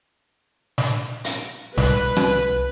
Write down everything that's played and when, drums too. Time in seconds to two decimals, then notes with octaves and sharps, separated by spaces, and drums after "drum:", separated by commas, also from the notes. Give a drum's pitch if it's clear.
0.78 drum: snare
1.24 drum: hi-hat
1.77 C2 B4, drum: snare
2.17 drum: rim click